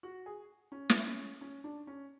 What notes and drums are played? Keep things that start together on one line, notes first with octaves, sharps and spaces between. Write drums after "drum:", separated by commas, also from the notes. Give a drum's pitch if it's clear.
F#4
G#4
C#4
drum: snare
C#4
C#4
D4
C#4